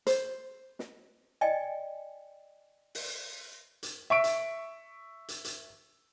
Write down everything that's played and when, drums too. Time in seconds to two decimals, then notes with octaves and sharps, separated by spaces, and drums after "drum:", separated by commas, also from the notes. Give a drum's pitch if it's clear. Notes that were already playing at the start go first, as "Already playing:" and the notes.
0.07 C5, drum: hi-hat
0.79 drum: snare
1.41 D5 D#5 G5 G#5
2.95 drum: open hi-hat
3.83 drum: hi-hat
4.10 E5 C#6 D7
4.24 drum: hi-hat
5.28 drum: hi-hat
5.45 drum: hi-hat